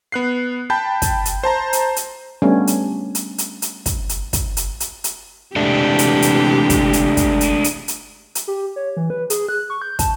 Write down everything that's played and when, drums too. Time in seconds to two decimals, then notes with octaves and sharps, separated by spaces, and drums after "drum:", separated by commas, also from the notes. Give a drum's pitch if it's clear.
0.12 B3 F#6 C7
0.70 G5 A5 B5 G6
1.02 drum: kick, hi-hat
1.25 drum: hi-hat
1.43 C5 A5 A#5
1.73 drum: hi-hat
1.96 drum: hi-hat
2.42 G3 A3 B3 C#4 D4
2.67 drum: hi-hat
3.15 drum: hi-hat
3.38 drum: hi-hat
3.62 drum: hi-hat
3.86 drum: kick, hi-hat
4.09 drum: hi-hat
4.33 drum: kick, hi-hat
4.57 drum: hi-hat
4.80 drum: hi-hat
5.04 drum: hi-hat
5.56 C3 E3 G#3 A3 D4 G4
5.99 drum: hi-hat
6.22 drum: hi-hat
6.70 drum: kick, hi-hat
6.93 drum: hi-hat
7.17 drum: kick, hi-hat
7.41 drum: hi-hat
7.64 drum: hi-hat
7.88 drum: hi-hat
8.35 drum: hi-hat
8.48 G4
8.76 C#5
8.97 E3
9.10 B4
9.30 G#4, drum: hi-hat
9.49 F#6
9.70 C#6
9.82 G6
9.99 A5, drum: kick, hi-hat